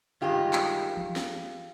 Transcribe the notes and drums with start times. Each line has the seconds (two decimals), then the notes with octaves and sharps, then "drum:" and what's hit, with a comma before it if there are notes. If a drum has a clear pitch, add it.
0.21 G2 D#3 G#3 F4 G4
0.53 drum: clap
0.97 drum: tom E3
1.16 drum: snare